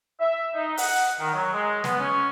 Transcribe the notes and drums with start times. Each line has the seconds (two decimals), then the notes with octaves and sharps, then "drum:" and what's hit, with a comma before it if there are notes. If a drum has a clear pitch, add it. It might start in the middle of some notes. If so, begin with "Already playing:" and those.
0.20 E5
0.55 D#4
0.77 F#5, drum: open hi-hat
1.20 D#3
1.34 F#3
1.52 G#3
1.84 B3, drum: snare
1.99 C#4